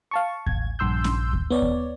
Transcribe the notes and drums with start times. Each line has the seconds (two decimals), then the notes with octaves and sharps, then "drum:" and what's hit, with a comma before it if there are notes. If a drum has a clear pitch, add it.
0.11 F5 A5 C#6
0.46 A1 G#6, drum: kick D#2
0.79 A#1 G2 C6 E6 G6
1.04 drum: snare C#4
1.33 drum: kick D#2
1.50 B3 C#5 D5
1.62 drum: kick D#2